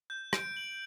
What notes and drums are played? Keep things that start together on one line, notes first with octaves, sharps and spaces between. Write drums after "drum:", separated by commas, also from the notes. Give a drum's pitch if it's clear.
G6
D7, drum: rim click
F#7